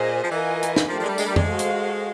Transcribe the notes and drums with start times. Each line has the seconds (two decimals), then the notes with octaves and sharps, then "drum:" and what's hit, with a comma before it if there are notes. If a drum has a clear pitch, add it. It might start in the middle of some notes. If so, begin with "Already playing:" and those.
Already playing: A#2 G#4 C5 D#5 G#5
0.23 F3
0.30 E3 F4 A#4 D#5 G#5
0.63 drum: hi-hat
0.76 drum: snare
0.88 F3 A3 D4 G4 A#4 D5
0.99 F3
1.03 G#3
1.08 G3
1.18 G#3, drum: tambourine
1.26 G3
1.36 G#3, drum: tom
1.47 F#4 A4 C5 F5
1.59 drum: hi-hat